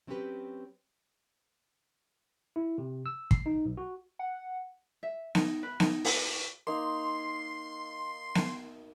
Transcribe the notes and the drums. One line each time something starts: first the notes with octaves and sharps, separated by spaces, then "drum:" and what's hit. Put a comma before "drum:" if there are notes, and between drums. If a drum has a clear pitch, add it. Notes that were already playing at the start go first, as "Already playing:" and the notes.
F#3 C4 C#4 F4 G4 B4
E4
C3
E6
C7, drum: kick
D#4
B1
F#4
F#5
E5
D#4, drum: snare B3
B4
D#4, drum: snare B3
A4, drum: open hi-hat
A#3 D#4 C6
drum: snare B3